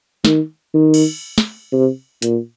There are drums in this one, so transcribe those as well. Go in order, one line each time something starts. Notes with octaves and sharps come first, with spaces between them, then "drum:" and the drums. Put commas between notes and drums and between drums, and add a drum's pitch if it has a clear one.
D#3, drum: snare
D#3
drum: cymbal
drum: snare
C3
A#2, drum: hi-hat